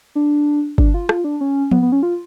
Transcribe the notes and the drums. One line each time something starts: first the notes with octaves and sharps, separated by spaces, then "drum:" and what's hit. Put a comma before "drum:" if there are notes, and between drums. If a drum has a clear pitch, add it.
D4
D4, drum: kick G1
F4
F4, drum: rim click
D4
C#4
B3, drum: tom F3
B3
C#4
F4